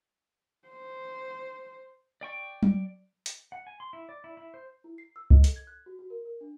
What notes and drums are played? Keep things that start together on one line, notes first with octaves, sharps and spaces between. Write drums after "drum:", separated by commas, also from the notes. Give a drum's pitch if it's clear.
C5
D5 G5 C#6
drum: tom F#3
drum: hi-hat
F#5
G#5
C6
E4
D5
E4
E4
C5
E4
C7
E6
D#5, drum: kick C2
A4, drum: hi-hat
G#6
F#6
F#4
F#4
A#4
A#4
D4